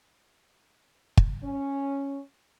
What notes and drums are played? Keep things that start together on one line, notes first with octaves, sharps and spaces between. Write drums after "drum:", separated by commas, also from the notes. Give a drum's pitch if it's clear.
drum: kick
C#4